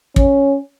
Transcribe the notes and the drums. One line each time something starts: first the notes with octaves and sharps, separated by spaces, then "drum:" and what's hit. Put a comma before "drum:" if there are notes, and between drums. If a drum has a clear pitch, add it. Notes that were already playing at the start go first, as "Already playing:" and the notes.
C#4, drum: kick